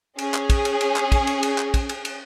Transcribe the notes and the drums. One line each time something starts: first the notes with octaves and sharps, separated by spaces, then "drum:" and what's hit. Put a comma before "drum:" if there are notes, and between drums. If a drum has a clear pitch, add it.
C#4 G#4, drum: cymbal
drum: clap
drum: kick, cymbal
drum: cymbal
drum: cymbal
drum: clap
drum: kick, cymbal
drum: cymbal
drum: cymbal
drum: clap
drum: kick, cymbal
drum: cymbal
drum: cymbal